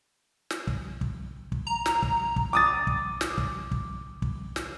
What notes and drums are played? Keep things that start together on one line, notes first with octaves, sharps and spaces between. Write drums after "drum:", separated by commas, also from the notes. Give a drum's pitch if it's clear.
drum: snare
drum: kick
drum: kick
drum: kick
A#5
drum: snare
drum: kick
drum: kick
D6 D#6 A6
drum: kick
drum: snare
drum: kick
drum: kick
drum: kick
drum: snare